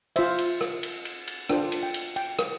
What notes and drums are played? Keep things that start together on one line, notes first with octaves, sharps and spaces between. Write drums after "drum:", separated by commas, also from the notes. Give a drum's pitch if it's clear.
F4 C5 E5, drum: cymbal
drum: cymbal
drum: rim click
drum: cymbal
drum: cymbal
drum: cymbal
D4 F4 A4 C5 G5, drum: rim click
drum: cymbal
G5
drum: cymbal
G5, drum: cymbal
drum: rim click